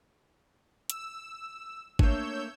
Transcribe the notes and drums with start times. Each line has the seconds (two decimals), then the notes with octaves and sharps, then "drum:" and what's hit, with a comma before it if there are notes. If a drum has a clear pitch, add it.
0.90 E6, drum: hi-hat
1.99 A3 A#3 D4 C#5 E6 G6, drum: kick